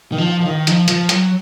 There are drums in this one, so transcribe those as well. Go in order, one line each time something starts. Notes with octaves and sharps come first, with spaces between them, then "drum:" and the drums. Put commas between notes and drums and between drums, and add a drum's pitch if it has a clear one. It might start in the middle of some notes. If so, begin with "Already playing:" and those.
D#3
F3
F3
D#3
F3, drum: hi-hat
F3, drum: hi-hat
F#3, drum: hi-hat